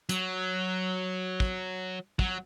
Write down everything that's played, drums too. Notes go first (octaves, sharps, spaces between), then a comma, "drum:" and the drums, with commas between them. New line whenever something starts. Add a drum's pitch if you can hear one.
F#3, drum: hi-hat
drum: kick
F#3, drum: kick